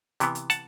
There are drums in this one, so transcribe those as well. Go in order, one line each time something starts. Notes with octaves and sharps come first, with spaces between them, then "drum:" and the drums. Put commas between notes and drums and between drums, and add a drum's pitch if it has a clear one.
C3 E3 B3, drum: hi-hat
drum: hi-hat
F#5 A5, drum: hi-hat